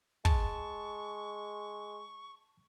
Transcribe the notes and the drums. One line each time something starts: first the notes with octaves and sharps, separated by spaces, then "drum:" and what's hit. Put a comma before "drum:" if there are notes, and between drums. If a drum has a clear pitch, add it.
G#3 A5 C#6, drum: kick